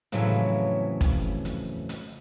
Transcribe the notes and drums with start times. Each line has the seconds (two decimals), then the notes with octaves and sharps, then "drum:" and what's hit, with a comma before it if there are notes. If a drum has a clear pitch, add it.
0.12 F2 A2 C#3 E3 F#3, drum: hi-hat
1.01 drum: kick, hi-hat
1.45 drum: hi-hat
1.89 drum: hi-hat